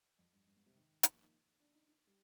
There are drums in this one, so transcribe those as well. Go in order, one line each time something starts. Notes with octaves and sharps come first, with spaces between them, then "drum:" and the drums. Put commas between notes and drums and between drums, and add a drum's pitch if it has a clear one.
F2
G2
G2
G#2
C3
D#3
F3, drum: hi-hat
A#3
D#4
D4
D#4
D#4
G3